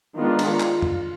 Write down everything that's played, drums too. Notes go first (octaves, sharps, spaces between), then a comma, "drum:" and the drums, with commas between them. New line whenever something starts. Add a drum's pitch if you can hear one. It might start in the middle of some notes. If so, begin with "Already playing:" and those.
D#3 G#3 B3 D4 F4
drum: cymbal
F4, drum: clap
drum: tom